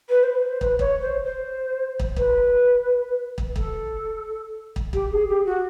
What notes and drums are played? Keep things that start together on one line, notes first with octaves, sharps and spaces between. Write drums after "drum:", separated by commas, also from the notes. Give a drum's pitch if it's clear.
B4
C5
B4
C5
B4, drum: kick
C#5, drum: kick
C5
C5
drum: kick
B4, drum: kick
drum: kick
A4, drum: kick
drum: kick
G4, drum: kick
G#4
G4
F#4